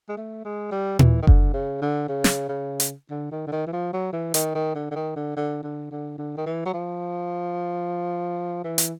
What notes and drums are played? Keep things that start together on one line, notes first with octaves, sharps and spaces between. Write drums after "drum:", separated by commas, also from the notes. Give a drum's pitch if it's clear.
G#3
A3
G#3
G3
E3, drum: tom A#2
D#3
D3, drum: kick F#1
C#3
D3
C#3
drum: snare
C#3
drum: hi-hat
D3
D#3
D3
D#3
E3
F3
F#3
E3
D#3, drum: hi-hat
D#3
D3
D3
D#3
D3
D3
D3
D3
D3
D#3
E3
F#3
F3
E3
drum: hi-hat